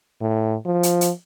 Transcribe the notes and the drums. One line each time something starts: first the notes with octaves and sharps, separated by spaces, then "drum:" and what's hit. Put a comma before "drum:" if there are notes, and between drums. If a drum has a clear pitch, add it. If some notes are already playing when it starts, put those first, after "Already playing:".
A2
F3
drum: hi-hat
drum: hi-hat